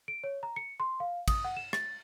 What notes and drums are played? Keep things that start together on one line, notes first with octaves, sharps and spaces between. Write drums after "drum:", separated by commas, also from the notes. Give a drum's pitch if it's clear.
D7
C#5
A#5
C#7
C6
F5
D#6, drum: kick, cymbal
F#5
E7
A6, drum: rim click